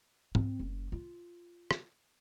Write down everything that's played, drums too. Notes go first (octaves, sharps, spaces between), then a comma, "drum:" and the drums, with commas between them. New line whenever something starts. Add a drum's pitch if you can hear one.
C4, drum: tom G#2
F#1
F4
drum: rim click